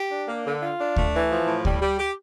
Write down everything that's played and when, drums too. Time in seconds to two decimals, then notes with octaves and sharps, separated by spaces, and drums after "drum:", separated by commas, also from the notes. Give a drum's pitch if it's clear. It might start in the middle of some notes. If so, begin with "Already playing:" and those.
Already playing: G4
0.11 D4
0.28 A#3
0.45 D3
0.62 F4
0.79 D4
0.96 A3, drum: kick D2
1.13 E3
1.30 F3
1.47 A2
1.65 G3, drum: kick D2
1.81 G3
1.99 G4